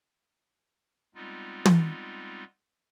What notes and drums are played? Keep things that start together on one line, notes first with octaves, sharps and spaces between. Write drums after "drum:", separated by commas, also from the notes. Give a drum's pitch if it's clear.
G3 G#3 B3 C4 D#4 F4
drum: tom